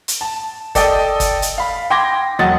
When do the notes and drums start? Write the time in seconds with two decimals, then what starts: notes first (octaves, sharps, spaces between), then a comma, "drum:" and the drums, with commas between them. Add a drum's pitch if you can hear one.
0.08 drum: hi-hat
0.21 A5
0.75 A4 D5 D#5 G5, drum: kick G1, hi-hat
1.20 drum: kick G1, hi-hat
1.42 drum: hi-hat
1.58 F5 B5
1.90 G5 C6 D6 G#6 A#6
2.39 E1 F#3 D#5 F#5 A6